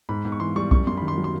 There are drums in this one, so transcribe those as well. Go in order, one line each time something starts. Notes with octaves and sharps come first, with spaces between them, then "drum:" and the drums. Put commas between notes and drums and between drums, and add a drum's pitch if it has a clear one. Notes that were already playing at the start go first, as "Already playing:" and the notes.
G#2 B5
G#2
C#6
E3 C6
G3 C#6
F#2 C#6, drum: kick B1
F#2 C6
D#3 B5
C6
F#3
C6